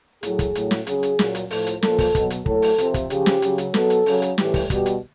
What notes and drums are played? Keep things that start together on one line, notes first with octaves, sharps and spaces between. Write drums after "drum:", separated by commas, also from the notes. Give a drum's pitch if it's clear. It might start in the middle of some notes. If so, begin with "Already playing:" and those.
A2 F#3 G#4, drum: hi-hat
drum: kick, hi-hat
A2 F#3, drum: hi-hat
drum: snare
C#3 F#3 G#4, drum: hi-hat
drum: hi-hat
A#2 F#3, drum: snare
drum: hi-hat
A2 F3 A4, drum: open hi-hat
drum: hi-hat
A#2 F3 A4, drum: snare
drum: kick, open hi-hat
B2 F#3, drum: kick, hi-hat
drum: hi-hat
A2 F#3 A4, drum: kick
drum: open hi-hat
C3 F3, drum: hi-hat
drum: kick, hi-hat
C#3 F3 G4, drum: hi-hat
drum: snare
C#3 F#3, drum: hi-hat
drum: hi-hat
B2 F#3 A4, drum: snare
drum: hi-hat
C#3 F#3, drum: open hi-hat
drum: hi-hat
A2 E3 G3 G4, drum: snare
drum: kick, open hi-hat
B2 G3 G4, drum: kick, hi-hat
drum: hi-hat